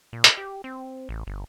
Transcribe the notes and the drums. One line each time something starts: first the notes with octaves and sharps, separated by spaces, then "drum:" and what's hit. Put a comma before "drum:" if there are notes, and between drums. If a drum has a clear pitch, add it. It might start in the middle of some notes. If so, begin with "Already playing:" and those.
A#2
drum: hi-hat
G4
C4
A1
G1